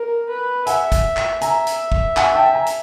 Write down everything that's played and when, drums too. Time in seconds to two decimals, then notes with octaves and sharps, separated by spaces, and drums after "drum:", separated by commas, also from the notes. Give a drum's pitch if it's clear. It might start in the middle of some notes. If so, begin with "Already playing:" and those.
Already playing: A#4
0.29 B4
0.67 E5 F#5 G#5, drum: hi-hat
0.92 drum: kick, hi-hat
1.17 drum: clap
1.41 E5 G#5 A#5, drum: hi-hat
1.67 drum: hi-hat
1.92 drum: kick
2.17 F#5 G#5, drum: clap
2.35 G5 A5
2.54 G#5 A#5
2.67 drum: hi-hat